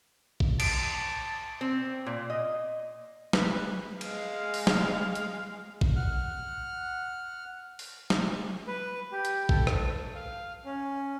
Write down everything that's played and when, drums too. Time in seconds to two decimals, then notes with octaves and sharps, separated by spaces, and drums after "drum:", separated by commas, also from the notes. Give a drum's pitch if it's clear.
0.40 drum: kick A1
0.60 A5 D7, drum: cymbal
1.61 C4
2.06 A#2
2.30 D#5
3.33 B4, drum: snare
4.01 G#3 F5, drum: cymbal
4.54 drum: open hi-hat
4.67 drum: snare
5.15 drum: hi-hat
5.81 drum: kick A1
5.96 F#5 F6
7.79 drum: open hi-hat
8.10 drum: snare
8.67 B4
9.12 G4
9.25 drum: hi-hat
9.49 A4, drum: kick A1
9.67 drum: rim click
10.15 F5
10.65 C#4